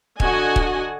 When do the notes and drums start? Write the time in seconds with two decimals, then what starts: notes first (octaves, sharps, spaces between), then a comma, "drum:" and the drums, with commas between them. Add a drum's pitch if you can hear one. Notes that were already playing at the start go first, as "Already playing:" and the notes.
0.20 D3 F#4 D#5 F#5 G#5, drum: kick
0.56 drum: kick